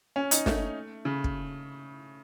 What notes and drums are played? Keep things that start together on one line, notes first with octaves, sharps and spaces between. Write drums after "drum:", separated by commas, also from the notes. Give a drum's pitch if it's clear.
C#4
D#4, drum: hi-hat
A3, drum: snare
C#3
drum: kick